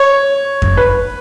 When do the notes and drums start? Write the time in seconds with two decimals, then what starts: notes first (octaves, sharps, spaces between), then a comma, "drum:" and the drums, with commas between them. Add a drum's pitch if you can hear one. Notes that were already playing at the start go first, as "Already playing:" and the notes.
Already playing: C#5
0.62 drum: kick F2
0.77 B4